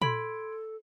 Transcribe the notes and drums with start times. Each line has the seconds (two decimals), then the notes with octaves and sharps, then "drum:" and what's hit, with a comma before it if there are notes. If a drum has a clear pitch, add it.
0.02 A4 B5 C6 G#6 D7, drum: tom A#2